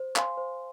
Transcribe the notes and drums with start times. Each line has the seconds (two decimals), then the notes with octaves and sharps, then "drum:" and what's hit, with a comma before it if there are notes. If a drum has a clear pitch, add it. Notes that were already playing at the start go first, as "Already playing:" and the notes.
Already playing: C5
0.16 F5 G#5 C6, drum: clap
0.37 C5